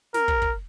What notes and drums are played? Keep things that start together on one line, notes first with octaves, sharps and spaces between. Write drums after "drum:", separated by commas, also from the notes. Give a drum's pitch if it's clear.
A#4, drum: snare
drum: kick
drum: kick